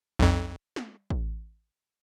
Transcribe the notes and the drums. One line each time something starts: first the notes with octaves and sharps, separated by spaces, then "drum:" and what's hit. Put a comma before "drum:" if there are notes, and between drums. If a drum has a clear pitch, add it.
B1 F2
drum: snare
drum: kick A1